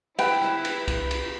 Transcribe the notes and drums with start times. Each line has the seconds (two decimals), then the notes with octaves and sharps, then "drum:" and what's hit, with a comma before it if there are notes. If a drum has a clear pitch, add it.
0.19 E4 B4 G5, drum: cymbal
0.42 drum: rim click
0.65 drum: cymbal
0.88 drum: kick C2, cymbal
1.11 drum: cymbal